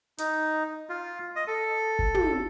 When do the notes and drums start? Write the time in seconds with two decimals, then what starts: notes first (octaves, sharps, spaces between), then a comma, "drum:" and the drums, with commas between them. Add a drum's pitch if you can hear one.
0.19 D#4, drum: hi-hat
0.89 F4
1.36 D#5
1.47 A4
1.99 drum: kick F#1
2.15 drum: tom